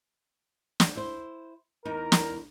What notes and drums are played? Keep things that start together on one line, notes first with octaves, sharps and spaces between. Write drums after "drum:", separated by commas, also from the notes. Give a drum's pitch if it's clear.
drum: snare
E4 C5
E2 D#4 A#4
drum: snare